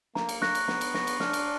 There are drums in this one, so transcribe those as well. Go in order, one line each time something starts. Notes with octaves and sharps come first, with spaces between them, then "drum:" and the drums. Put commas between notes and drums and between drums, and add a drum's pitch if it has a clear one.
A#3 A#5, drum: snare
drum: cymbal
C#6 F#6 A#6, drum: snare
drum: cymbal
B3 A#5, drum: snare
drum: cymbal
C#6 F#6 A#6, drum: snare
drum: cymbal
D4 F6, drum: snare
drum: cymbal